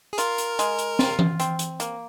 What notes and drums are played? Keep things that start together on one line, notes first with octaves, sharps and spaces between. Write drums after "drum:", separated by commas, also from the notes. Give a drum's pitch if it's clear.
G#4
F4 A#4, drum: hi-hat
drum: hi-hat
G#3, drum: hi-hat
drum: hi-hat
F4, drum: snare
drum: tom E3
C4, drum: hi-hat
drum: hi-hat
A#3, drum: hi-hat